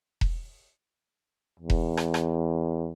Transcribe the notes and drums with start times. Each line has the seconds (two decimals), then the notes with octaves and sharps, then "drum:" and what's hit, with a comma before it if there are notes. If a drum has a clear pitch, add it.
0.21 drum: kick E1
1.59 E2
1.70 drum: kick E1
1.97 drum: rim click
2.14 drum: rim click